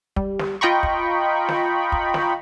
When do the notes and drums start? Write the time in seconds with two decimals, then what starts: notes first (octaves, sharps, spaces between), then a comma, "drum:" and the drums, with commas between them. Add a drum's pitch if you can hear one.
0.16 G3, drum: kick
0.39 drum: snare
0.61 F4 D#5 G5 A#5 B5 C#6
0.83 drum: kick
1.49 drum: snare
1.92 drum: kick
2.14 drum: snare